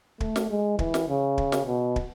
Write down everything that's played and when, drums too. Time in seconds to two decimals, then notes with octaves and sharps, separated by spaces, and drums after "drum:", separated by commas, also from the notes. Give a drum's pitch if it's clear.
0.20 A3, drum: kick
0.36 drum: snare
0.50 G#3
0.79 E3, drum: kick
0.94 drum: snare
1.09 C#3
1.38 drum: kick
1.52 drum: snare
1.66 B2
1.96 drum: kick